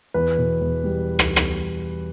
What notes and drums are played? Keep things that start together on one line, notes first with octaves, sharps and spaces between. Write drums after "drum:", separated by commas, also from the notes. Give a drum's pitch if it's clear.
E2 B4
B2
E2
G3
drum: rim click
drum: rim click